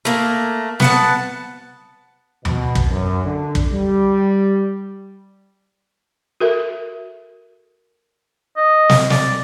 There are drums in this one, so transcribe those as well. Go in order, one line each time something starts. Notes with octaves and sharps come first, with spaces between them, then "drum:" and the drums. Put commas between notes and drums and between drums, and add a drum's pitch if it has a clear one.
A3 A#3
B3 F#5 A5, drum: snare
B2, drum: tom D#2
drum: kick
F#2
D3
drum: kick
G3
F#4 A4 A#4 E5
D#5
drum: snare
D5, drum: snare